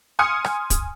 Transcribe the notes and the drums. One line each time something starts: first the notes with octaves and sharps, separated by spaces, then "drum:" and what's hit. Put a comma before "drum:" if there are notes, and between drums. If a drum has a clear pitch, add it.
G#5 C6 D#6 F6 C#7
drum: rim click
drum: kick, hi-hat